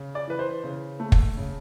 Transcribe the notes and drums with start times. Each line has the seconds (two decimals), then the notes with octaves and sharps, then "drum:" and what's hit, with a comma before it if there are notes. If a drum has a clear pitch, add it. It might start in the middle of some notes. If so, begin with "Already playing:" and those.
Already playing: C#3
0.15 D5
0.28 E3 B4
0.39 C5
0.64 C#3
1.00 A3
1.12 drum: kick
1.37 C#3